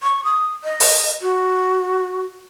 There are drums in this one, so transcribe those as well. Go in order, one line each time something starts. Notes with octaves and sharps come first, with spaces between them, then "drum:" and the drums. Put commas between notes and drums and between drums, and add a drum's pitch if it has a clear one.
C#6
D#6
D#5
drum: open hi-hat
F#4